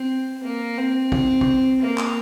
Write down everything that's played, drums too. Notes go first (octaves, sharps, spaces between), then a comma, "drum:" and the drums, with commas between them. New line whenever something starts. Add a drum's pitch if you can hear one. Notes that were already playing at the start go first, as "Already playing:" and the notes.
Already playing: C4
A#3
C4
drum: kick
drum: kick
A#3
drum: clap